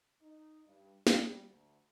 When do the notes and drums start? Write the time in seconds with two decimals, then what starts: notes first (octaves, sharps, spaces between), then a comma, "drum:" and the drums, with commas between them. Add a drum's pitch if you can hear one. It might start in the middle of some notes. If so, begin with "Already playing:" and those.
0.22 D#4
0.67 G2
1.07 G3, drum: snare
1.48 D2